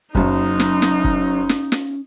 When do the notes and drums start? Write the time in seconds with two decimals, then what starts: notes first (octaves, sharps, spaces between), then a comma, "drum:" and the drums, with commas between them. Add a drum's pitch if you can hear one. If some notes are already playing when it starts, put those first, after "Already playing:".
0.15 F#1 F#2 C#4 D#4, drum: kick
0.60 drum: snare
0.82 drum: snare
1.04 drum: kick
1.49 drum: snare
1.72 drum: snare